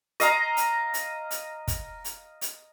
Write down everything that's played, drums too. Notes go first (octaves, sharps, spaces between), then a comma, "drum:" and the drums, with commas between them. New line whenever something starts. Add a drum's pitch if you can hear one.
D#5 F5 A#5, drum: hi-hat
drum: hi-hat
drum: hi-hat
drum: hi-hat
drum: kick, hi-hat
drum: hi-hat
drum: hi-hat